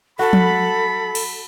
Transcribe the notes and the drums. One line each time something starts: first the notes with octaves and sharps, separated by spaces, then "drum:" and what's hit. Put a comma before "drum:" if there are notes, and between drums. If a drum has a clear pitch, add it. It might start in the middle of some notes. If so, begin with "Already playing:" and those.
F#4 A4 B5
drum: tom F3
drum: cymbal